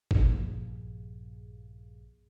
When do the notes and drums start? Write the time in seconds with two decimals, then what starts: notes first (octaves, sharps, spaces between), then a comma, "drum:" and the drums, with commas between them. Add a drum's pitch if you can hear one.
0.11 A#1 G2 A#2 F3 G#4, drum: kick